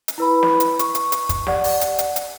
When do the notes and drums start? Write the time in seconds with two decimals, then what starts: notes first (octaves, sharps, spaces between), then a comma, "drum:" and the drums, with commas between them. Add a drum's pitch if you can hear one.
0.08 drum: hi-hat
0.18 E4 B4 B5
0.43 drum: snare
0.60 drum: hi-hat
0.79 C#6, drum: hi-hat
0.95 drum: hi-hat
1.12 drum: hi-hat
1.29 drum: kick, hi-hat
1.47 G4 D5 F#5, drum: snare
1.64 drum: open hi-hat
1.81 drum: hi-hat
1.99 drum: hi-hat
2.16 drum: hi-hat